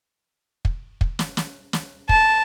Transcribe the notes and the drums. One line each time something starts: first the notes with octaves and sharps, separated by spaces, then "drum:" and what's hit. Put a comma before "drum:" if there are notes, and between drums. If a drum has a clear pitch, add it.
drum: kick
drum: kick
drum: snare
drum: snare
drum: snare
A5, drum: kick